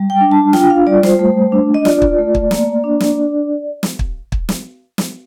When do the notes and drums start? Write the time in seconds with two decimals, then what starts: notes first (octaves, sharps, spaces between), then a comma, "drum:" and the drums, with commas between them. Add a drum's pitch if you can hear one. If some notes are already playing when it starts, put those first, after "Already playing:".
Already playing: G3
0.10 G5
0.21 D4
0.32 A5
0.53 F4 G5, drum: snare
0.70 F5
0.87 G3 D5
1.03 C5, drum: snare
1.19 A3
1.52 D4
1.74 D#5
1.85 F4 D5, drum: snare
2.02 drum: kick
2.19 A3
2.35 drum: kick
2.51 A#3, drum: snare
2.84 D4
3.00 drum: snare
3.83 drum: snare
3.99 drum: kick
4.32 drum: kick
4.49 drum: snare
4.98 drum: snare